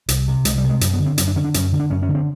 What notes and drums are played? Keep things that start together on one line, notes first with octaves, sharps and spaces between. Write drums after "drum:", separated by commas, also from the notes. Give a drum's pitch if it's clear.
C2, drum: hi-hat
C3
C2 G#3, drum: hi-hat
G3
C3
G#3
F#2, drum: hi-hat
B3
D3
C4
F#2 C#4, drum: hi-hat
D4
D3 C#4
D4
F#2 C#4, drum: hi-hat
D3
D4
F#2 C#4
C#4
D3
C4